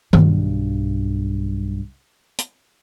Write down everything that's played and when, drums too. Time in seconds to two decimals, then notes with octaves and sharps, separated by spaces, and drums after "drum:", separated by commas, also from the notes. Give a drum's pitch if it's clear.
0.13 B1 G2, drum: tom D#3
2.38 drum: hi-hat